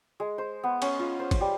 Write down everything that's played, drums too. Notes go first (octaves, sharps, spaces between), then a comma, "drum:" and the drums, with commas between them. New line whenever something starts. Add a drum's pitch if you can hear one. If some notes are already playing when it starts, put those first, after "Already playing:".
G#3
C5
B3
C#4, drum: cymbal
F4
C5
drum: kick, cymbal
G3